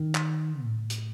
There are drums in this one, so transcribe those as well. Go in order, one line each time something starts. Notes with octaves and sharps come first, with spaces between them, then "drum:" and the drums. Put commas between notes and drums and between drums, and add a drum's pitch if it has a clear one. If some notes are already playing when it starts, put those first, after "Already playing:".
Already playing: D#3
drum: clap
A2
drum: hi-hat